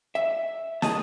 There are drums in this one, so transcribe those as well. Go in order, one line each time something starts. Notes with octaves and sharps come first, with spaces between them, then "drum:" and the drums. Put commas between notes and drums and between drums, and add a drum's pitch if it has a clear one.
E5
G#4 D#5 A5, drum: snare